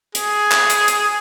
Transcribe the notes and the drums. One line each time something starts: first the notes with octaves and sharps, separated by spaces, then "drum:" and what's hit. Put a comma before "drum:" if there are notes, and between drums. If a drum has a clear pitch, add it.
G#4, drum: hi-hat
drum: clap
drum: hi-hat
drum: hi-hat